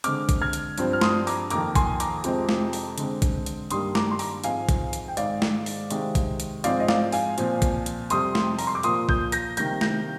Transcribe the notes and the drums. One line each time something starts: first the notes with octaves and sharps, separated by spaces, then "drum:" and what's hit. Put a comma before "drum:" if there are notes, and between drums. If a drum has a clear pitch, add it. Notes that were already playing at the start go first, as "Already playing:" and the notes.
D3 G#3 C4 D6 F6, drum: hi-hat
drum: kick, hi-hat
F6 G#6
drum: hi-hat
G2 F3 C4, drum: hi-hat
F6
C6 D#6, drum: snare
A#5 D6, drum: open hi-hat
F2 D#3 A#3 A#5 D6, drum: hi-hat
G#5 C6, drum: kick, hi-hat
A#5 D6, drum: hi-hat
F2 C3 F3 G#3 C4, drum: hi-hat
drum: snare
drum: open hi-hat
D3 G#3 C4, drum: hi-hat
drum: kick, hi-hat
drum: hi-hat
G2 D#3 G3 A#3 C6 D#6, drum: hi-hat
A#5 D6, drum: snare
C6
A#5 D6, drum: open hi-hat
G#2 F3 G#3 C4 F5 G#5, drum: hi-hat
drum: kick, hi-hat
drum: hi-hat
G5
G#2 D#3 G#3 D5 F5, drum: hi-hat
drum: snare
drum: open hi-hat
C3 D#3 G#3 C4, drum: hi-hat
drum: kick, hi-hat
drum: hi-hat
G#2 F3 G#3 C4 D5 F5, drum: hi-hat
D#5
D5 F5, drum: snare
F5 G#5, drum: open hi-hat
A#2 F3 C4, drum: hi-hat
drum: kick, hi-hat
drum: hi-hat
F2 C3 G3 C4 C6 D#6, drum: hi-hat
drum: snare
A#5, drum: open hi-hat
C6
D6
A#2 F3 A#3 C6 D#6, drum: hi-hat
D#6 G6, drum: kick
G6 A#6, drum: hi-hat
C3 D#3 G3 A#3 G6 A#6, drum: hi-hat
G6 A#6, drum: snare